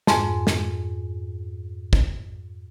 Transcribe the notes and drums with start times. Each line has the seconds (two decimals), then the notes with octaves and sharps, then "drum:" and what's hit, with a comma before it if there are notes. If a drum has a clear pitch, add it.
0.07 F2 G#2 G#5, drum: snare
0.47 drum: snare
1.93 drum: kick